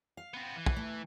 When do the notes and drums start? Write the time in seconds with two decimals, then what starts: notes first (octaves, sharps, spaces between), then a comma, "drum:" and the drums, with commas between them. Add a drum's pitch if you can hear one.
0.17 F5
0.34 B3 C4
0.56 E3
0.66 drum: kick
0.76 A3